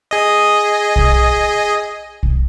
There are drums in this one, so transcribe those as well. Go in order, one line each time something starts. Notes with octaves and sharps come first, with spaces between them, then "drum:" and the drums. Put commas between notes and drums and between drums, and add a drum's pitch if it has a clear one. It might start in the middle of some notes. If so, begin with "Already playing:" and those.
G#4 D#5
drum: kick
drum: kick